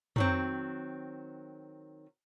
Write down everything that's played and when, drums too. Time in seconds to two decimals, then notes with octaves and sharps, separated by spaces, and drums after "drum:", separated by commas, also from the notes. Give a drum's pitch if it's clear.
0.16 D#3 F#3 C4, drum: tom